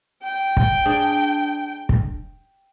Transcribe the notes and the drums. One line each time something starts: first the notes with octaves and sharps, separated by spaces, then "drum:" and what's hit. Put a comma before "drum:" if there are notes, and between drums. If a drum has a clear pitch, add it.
G5
drum: kick
D4 G#4
drum: kick